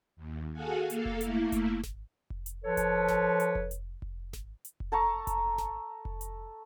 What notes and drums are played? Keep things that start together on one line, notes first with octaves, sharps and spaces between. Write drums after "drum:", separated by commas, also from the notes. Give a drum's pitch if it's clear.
D#2
F#4 G#4 A4 F5 F#5 G#5
A#3 A4 F5, drum: hi-hat
drum: kick F1
A3 A#3 E4, drum: hi-hat
drum: kick F1, hi-hat
drum: snare G#1
drum: kick F1
drum: hi-hat
F3 A4 B4 C#5
drum: kick F1, hi-hat
drum: snare G#1
drum: hi-hat
drum: kick F1
drum: hi-hat
drum: kick F1
drum: snare G#1
drum: hi-hat
drum: kick F1
A4 A5 A#5 C#6
drum: kick F1, hi-hat
drum: snare G#1
drum: kick F1
drum: hi-hat